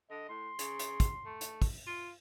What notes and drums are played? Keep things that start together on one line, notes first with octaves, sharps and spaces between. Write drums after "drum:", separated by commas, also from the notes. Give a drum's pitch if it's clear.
D3 D#5
A2 C6
C#3, drum: hi-hat
drum: hi-hat
drum: kick, hi-hat
A3
drum: hi-hat
drum: kick, open hi-hat
F4